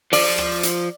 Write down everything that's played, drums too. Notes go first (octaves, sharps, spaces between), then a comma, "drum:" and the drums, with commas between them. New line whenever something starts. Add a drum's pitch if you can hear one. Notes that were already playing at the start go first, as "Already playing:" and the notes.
F3 D5, drum: open hi-hat
drum: rim click
drum: hi-hat